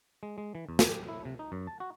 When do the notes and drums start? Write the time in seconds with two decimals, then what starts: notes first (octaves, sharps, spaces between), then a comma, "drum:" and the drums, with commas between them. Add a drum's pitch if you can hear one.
0.23 G#3
0.38 G#3
0.55 E3
0.69 E2
0.79 drum: snare
0.88 G4
1.08 E4
1.25 C3
1.39 D#4
1.52 F#2
1.67 A5
1.80 F#4